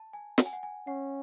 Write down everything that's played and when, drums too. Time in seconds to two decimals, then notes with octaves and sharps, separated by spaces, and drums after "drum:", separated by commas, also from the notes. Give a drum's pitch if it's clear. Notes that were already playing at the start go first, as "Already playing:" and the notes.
Already playing: A5
0.13 G#5
0.38 F#5, drum: snare
0.46 G#5
0.53 F#5
0.63 G#5
0.87 C#4 F#5